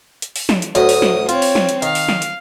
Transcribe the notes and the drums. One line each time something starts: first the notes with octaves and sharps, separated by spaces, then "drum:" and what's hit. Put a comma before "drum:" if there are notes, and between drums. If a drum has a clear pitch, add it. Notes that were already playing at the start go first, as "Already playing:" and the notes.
drum: hi-hat
drum: open hi-hat
drum: snare
drum: hi-hat
D2 A2 F#3 D#6, drum: hi-hat
drum: open hi-hat
drum: snare
C4 F4 C#5, drum: hi-hat
drum: open hi-hat
drum: snare
drum: hi-hat
D#3 F5, drum: hi-hat
drum: open hi-hat
drum: snare
drum: hi-hat